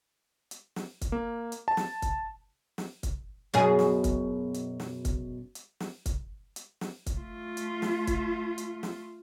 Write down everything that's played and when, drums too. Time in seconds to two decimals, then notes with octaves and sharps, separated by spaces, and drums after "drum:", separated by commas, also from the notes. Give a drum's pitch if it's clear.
0.51 drum: hi-hat
0.76 drum: snare
1.01 drum: kick, hi-hat
1.12 A#3
1.52 drum: hi-hat
1.68 A5
1.77 drum: snare
2.02 drum: kick, hi-hat
2.78 drum: snare
3.03 drum: kick, hi-hat
3.54 F#2 B2 G#4, drum: hi-hat
3.79 drum: snare
4.04 drum: kick, hi-hat
4.54 drum: hi-hat
4.80 drum: snare
5.05 drum: kick, hi-hat
5.55 drum: hi-hat
5.80 drum: snare
6.06 drum: kick, hi-hat
6.56 drum: hi-hat
6.81 drum: snare
7.06 drum: kick, hi-hat
7.17 A3 F4
7.57 drum: hi-hat
7.82 drum: snare
8.07 drum: kick, hi-hat
8.58 drum: hi-hat
8.83 drum: snare